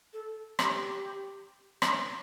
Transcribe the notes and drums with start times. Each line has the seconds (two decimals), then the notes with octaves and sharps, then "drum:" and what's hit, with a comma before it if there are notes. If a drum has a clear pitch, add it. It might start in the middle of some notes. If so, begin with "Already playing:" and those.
0.13 A4
0.59 G4, drum: rim click
1.82 drum: rim click